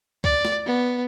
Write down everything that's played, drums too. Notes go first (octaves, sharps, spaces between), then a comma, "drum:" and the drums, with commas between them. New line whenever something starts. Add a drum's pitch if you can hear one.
D5, drum: kick C#2
drum: snare
B3